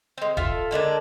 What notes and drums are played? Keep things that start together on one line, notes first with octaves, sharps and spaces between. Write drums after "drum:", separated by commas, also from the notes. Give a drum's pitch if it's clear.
G#3 C4
F4 A4 E5, drum: kick D#1
D3 G#3 A#3 D4